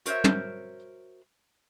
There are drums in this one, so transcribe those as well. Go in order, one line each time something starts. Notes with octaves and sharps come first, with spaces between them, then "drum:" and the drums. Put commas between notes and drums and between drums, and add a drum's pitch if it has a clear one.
F#4 A#4 C5 C#5 E5, drum: hi-hat
drum: tom